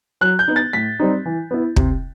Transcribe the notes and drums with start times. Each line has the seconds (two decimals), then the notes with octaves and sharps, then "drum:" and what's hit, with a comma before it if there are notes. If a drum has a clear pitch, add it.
0.21 F#3 F#6
0.39 G6
0.48 B3 D#4
0.56 A6
0.73 A2 B6
0.99 G3 C4 D#4
1.26 E3
1.51 B3 E4
1.76 C3, drum: kick